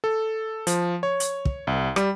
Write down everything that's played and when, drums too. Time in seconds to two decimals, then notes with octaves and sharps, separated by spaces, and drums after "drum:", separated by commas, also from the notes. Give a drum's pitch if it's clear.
0.04 A4
0.67 F3, drum: hi-hat
1.03 C#5
1.20 drum: hi-hat
1.45 drum: kick
1.67 C2
1.96 G3, drum: rim click